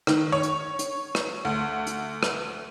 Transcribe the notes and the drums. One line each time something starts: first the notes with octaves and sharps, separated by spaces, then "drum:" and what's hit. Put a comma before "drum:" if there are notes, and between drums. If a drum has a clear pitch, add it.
D#3, drum: rim click
C#5
drum: hi-hat
drum: hi-hat
drum: rim click
D2
drum: hi-hat
drum: rim click